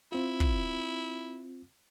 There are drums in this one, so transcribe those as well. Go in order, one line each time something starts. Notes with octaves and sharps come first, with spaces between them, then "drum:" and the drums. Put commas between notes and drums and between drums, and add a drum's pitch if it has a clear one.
C4 E4 F4
drum: kick